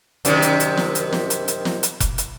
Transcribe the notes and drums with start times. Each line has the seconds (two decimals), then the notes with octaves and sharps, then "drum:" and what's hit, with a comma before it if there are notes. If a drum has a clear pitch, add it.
0.25 F#2 C3 D#3, drum: hi-hat
0.42 drum: hi-hat
0.60 drum: hi-hat
0.77 drum: snare
0.95 drum: hi-hat
1.13 drum: snare
1.30 drum: hi-hat
1.48 drum: hi-hat
1.65 drum: snare
1.83 drum: hi-hat
2.00 drum: kick F1, hi-hat
2.18 drum: hi-hat